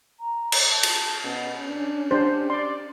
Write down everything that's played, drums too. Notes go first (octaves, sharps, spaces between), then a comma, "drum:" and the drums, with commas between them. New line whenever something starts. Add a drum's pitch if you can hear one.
A#5
drum: cymbal
A5
drum: cymbal
B2 C#4
D4
D4 G4 C5
D5 C6